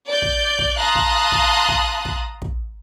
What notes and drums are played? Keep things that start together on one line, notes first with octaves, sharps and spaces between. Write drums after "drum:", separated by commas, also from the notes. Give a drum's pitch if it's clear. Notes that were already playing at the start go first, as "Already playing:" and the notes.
D5 G6
drum: kick
drum: kick
F5 A5 A#5 C6 D#6 F#6
drum: kick
drum: kick
drum: kick
drum: kick
drum: kick